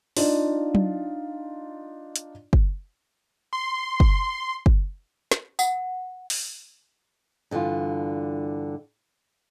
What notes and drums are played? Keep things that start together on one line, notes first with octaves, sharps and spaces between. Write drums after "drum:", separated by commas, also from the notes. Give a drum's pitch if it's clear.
D4 D#4 F4, drum: open hi-hat
drum: tom F#3
drum: hi-hat
drum: kick
C6
drum: kick
drum: kick
drum: snare
F#5, drum: tambourine
drum: open hi-hat
G2 D3 E3 F4